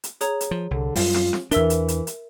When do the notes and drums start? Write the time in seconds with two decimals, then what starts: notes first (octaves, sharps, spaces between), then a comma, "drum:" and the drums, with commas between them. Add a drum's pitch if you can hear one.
0.04 drum: hi-hat
0.21 G#4 C#5 A#5, drum: hi-hat
0.41 drum: hi-hat
0.51 F3
0.71 C2 D3
0.96 F#2 G3 F4, drum: open hi-hat
1.14 drum: snare
1.33 drum: snare
1.51 E2 E3 D4 A#4 E5 E6, drum: hi-hat
1.70 drum: hi-hat
1.88 drum: hi-hat
2.07 drum: hi-hat